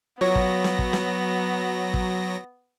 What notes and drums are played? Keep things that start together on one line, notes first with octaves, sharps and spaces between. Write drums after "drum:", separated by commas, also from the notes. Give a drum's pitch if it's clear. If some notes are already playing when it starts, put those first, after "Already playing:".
F#3 B3 F4 C#5 A#6
drum: kick
drum: snare
drum: kick
drum: snare
drum: kick